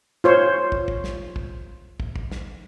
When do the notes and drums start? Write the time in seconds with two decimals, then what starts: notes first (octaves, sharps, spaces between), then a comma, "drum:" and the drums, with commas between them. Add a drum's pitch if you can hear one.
0.24 F4 C5 C#5
0.72 drum: kick
0.88 drum: kick
1.04 drum: snare
1.36 drum: kick
2.00 drum: kick
2.16 drum: kick
2.32 drum: snare